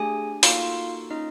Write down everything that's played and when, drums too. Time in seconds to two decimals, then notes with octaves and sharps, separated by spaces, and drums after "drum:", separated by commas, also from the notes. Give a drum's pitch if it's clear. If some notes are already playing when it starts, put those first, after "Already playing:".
Already playing: A3 D4 G4 G#4 G#5
0.43 A#3 D#4 F4 F#4 A4 F5, drum: open hi-hat
1.10 A#3 C#4 D#4 F4 D#5